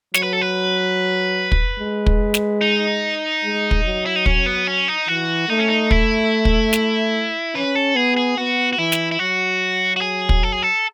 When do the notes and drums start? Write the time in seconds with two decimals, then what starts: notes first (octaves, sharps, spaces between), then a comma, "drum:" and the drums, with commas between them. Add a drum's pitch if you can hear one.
0.14 F#3 C#5, drum: snare
0.23 B4
0.33 A4
0.41 B4
1.52 drum: kick
1.79 G#3
2.06 drum: kick
2.34 drum: snare
2.61 D#4
3.43 G#3
3.71 drum: kick
3.84 F#3
4.06 E4
4.16 D#4
4.26 C#4, drum: kick
4.46 B3
4.67 C#4
4.88 D#4
5.08 E3 F#4
5.49 A3 D#4
5.59 C#4
5.68 D#4
5.91 E4, drum: kick
6.45 drum: kick
6.73 drum: snare
7.55 C#4 B4
7.75 A4
7.96 B3 G#4
8.17 G#4
8.37 B3 F#4
8.73 F#4
8.78 E3 E4
8.92 drum: snare
9.12 E4
9.19 F#3 F#4
9.96 F#4
10.01 G#4
10.29 drum: kick
10.43 A4
10.52 G#4
10.63 A4